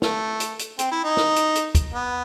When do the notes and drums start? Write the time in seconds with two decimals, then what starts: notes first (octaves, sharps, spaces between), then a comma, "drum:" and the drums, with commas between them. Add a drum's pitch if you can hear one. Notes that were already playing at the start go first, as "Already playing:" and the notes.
0.02 A3, drum: snare
0.40 drum: hi-hat
0.59 drum: hi-hat
0.79 C4, drum: hi-hat
0.92 E4
1.04 D#4
1.17 drum: snare
1.36 drum: hi-hat
1.55 drum: hi-hat
1.75 drum: kick D2, hi-hat
1.94 B3